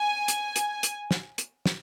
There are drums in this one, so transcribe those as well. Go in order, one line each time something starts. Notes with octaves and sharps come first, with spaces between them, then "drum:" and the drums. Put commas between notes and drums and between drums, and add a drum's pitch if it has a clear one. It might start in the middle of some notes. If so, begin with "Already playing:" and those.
Already playing: G#5
drum: hi-hat
drum: hi-hat
drum: hi-hat
drum: snare
drum: hi-hat
drum: snare